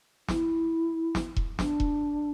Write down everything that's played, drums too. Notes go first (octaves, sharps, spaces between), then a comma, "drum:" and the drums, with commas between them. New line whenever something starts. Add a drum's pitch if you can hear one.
E4, drum: snare
drum: snare
drum: kick E1
D4, drum: snare
drum: kick E1